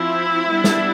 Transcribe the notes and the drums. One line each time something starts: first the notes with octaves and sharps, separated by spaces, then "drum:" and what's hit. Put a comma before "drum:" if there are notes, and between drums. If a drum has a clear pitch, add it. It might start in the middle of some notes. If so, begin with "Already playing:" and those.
Already playing: F3 C4 E4
G3 B3 D4
drum: snare